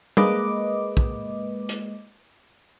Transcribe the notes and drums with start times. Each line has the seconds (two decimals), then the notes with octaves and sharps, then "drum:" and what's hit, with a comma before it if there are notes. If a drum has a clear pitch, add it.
0.17 G#3 A#3 B4 D#5 D6, drum: tom G3
0.97 drum: kick
1.69 drum: hi-hat